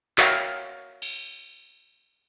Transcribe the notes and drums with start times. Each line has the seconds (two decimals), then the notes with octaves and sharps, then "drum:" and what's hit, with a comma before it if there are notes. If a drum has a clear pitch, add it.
0.18 F#4 A#4 C#5 E5 F5 G5, drum: clap
1.02 drum: cymbal